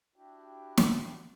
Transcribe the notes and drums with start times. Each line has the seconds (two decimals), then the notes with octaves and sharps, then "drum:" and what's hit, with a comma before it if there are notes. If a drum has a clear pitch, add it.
0.16 D4 E4 F#4 G4
0.77 drum: snare